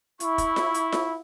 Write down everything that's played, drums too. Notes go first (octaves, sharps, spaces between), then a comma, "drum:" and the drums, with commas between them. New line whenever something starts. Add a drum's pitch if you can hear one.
E4 C#6, drum: hi-hat
drum: kick, hi-hat
drum: snare F4
drum: hi-hat
drum: snare F4